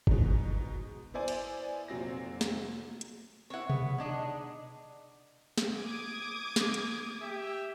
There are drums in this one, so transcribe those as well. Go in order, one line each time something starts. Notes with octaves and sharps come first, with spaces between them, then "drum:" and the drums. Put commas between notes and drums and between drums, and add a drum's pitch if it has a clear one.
G#2 B2, drum: kick G1
B3 E4 C5 D5 G#5
drum: cymbal
F1 A#2 F#3 C4 A#6
drum: snare
drum: hi-hat
C4 E4 C#5 F#5
B3, drum: tom B2
G#3 D4 D#4
drum: snare
D6 D#6 G#6
drum: snare
drum: hi-hat
G4 E5